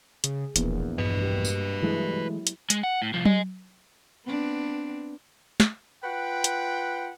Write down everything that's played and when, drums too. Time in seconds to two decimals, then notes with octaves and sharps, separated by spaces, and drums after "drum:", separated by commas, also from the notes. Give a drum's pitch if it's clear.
0.24 C#3 G#4, drum: hi-hat
0.56 E1 A#1 E2 A#3 B3, drum: hi-hat
0.98 G2 B4 D#5
1.20 G#3 A#3 G4
1.45 drum: tambourine
1.83 E3 F#3 G#3 A3 E4
2.47 drum: hi-hat
2.70 G#3, drum: hi-hat
2.83 F#5
3.02 A2
3.14 C2 F3
3.25 D#5 G#5, drum: tom F#3
4.25 B3 C4 D4
5.60 drum: snare
6.04 F4 B4 F#5 G5
6.44 drum: hi-hat